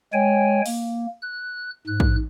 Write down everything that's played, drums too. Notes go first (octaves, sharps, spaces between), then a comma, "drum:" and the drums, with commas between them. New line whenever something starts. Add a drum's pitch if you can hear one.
G#3 C#5 G5 G#5
A#3, drum: open hi-hat
F#6
G#2 F#6
drum: kick